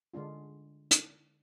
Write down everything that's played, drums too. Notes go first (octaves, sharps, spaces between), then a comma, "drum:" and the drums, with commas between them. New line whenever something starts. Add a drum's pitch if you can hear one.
D3 G#3 D4 F4
drum: hi-hat